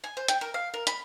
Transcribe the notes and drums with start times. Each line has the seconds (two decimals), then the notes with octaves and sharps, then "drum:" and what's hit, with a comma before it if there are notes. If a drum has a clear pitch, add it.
0.04 G#5
0.17 C5
0.28 G5, drum: hi-hat
0.41 A#4
0.54 F5
0.74 A#4
0.87 B5, drum: hi-hat